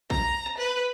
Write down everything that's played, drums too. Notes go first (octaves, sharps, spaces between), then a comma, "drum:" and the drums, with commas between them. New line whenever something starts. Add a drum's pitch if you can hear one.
A#5, drum: kick
B4